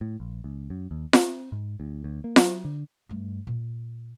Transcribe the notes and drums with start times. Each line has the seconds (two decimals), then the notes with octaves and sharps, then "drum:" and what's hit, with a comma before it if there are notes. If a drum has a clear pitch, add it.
0.01 A2
0.20 A#1
0.44 C#2
0.70 F#2
0.91 D#2
1.13 C4, drum: snare F4
1.52 G#2
1.80 D2
2.04 D2
2.24 A#3
2.36 F#3, drum: snare F4
2.65 D3
3.09 G2 A3
3.47 A#2